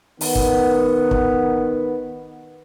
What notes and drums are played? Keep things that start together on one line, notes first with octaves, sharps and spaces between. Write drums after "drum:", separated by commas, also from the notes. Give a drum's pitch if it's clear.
D#3 B3, drum: open hi-hat
drum: kick
drum: kick